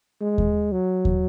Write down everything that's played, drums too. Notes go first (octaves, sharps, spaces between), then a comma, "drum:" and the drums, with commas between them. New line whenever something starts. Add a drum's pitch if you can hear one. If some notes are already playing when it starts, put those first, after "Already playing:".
G#3
drum: kick D#2
F#3
drum: kick D#2